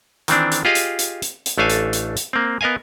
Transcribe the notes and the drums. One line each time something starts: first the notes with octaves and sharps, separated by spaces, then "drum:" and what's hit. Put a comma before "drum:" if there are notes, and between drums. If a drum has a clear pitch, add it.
D#3 E3 C4 D4, drum: hi-hat
drum: hi-hat
F4 G4 G#4 D#5 F5
drum: hi-hat
drum: hi-hat
drum: hi-hat
drum: hi-hat
A1 A3 D4 A4 F5 G#5
drum: hi-hat
drum: hi-hat
drum: hi-hat
A#3 C4
B3 A#4 D#5 F5 G#5